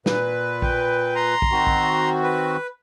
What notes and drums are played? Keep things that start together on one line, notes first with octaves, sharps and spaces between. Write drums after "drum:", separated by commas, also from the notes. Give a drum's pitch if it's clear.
A#2 B4, drum: snare
G5, drum: kick A#1
A#5 C6
drum: kick A#1
D#3 C4 F#4
drum: kick A#1
B4